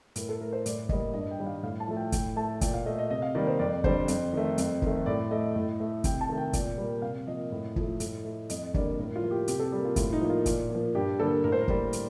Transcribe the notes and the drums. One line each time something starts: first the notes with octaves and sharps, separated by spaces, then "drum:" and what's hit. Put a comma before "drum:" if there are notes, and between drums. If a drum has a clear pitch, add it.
A2 A#4, drum: hi-hat
A4
A3 A#4
C5
A2 D5, drum: hi-hat
G3 A#3 D#5, drum: kick
G2 D#5
G5
D#3 G3
F5
A2 F5
A5
F3 A3
G5
A2 G5, drum: kick, hi-hat
A3 A5
A#2 G5, drum: kick, hi-hat
F5
A3 D#5
D#5
C3 D#5
F5
D#3 G3 A#3 D5
C5
F2 D5
D3 G3 C5, drum: kick
F2, drum: hi-hat
D#3 A3
F2, drum: hi-hat
D#3 A3, drum: kick
A2 D5
A3 D#5
A2
A3
C3 G5, drum: kick, hi-hat
A5
D#3 A3
G5
A#2, drum: kick, hi-hat
G3 A#3
C3 F5
F3 A#3 D#5
A2
F3 A3, drum: kick
A2, drum: hi-hat
A3
F2 D#5, drum: hi-hat
D3 G3 A#3 D5, drum: kick
A2 A#4
F4
F3 A#3
G4
C3 G4, drum: hi-hat
A4
G3 A#3 G4
F4
A2 F4, drum: kick, hi-hat
D#4
F3 A#3
F4
A#2, drum: kick, hi-hat
F3 A#3
G2 G4
D3 G3 A#3 A4
A2 A#4
C5
A#4
G3 A#3, drum: kick
drum: hi-hat